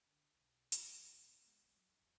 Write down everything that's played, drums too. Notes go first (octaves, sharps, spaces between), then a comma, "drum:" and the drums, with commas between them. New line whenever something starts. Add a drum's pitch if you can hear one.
D3
B1
A1, drum: hi-hat
D2
B2
B3
G#3
B1
F#3
G2
F1